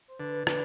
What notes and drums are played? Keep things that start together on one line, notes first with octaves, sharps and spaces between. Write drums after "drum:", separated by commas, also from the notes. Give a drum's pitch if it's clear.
C5
D3 B4
D3 B4, drum: rim click